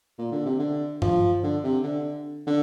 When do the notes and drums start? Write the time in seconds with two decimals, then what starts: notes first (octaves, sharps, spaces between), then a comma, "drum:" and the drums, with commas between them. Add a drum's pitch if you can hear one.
0.18 A#2
0.32 D3
0.46 C3
0.59 D3
1.02 F3, drum: tom G2
1.43 D3
1.64 C3
1.84 D3
2.47 D3